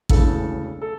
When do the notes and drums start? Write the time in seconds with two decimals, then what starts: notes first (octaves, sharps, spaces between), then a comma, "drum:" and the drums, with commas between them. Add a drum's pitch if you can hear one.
0.09 E1 D2 C#3 E3 A4, drum: kick
0.81 A4